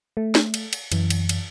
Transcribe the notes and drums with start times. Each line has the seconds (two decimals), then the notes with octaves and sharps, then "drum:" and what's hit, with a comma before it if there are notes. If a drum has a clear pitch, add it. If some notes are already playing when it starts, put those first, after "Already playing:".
0.17 A3
0.35 drum: snare
0.54 drum: cymbal
0.73 drum: cymbal
0.92 F#2 E3, drum: cymbal
1.10 drum: cymbal
1.29 drum: cymbal